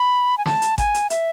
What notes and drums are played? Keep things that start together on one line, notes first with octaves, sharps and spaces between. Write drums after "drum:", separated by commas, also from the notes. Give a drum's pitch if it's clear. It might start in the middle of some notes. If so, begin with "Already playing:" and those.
Already playing: B5
G#5
A5, drum: snare
drum: hi-hat
G#5, drum: kick G#1, hi-hat
drum: hi-hat
E5, drum: hi-hat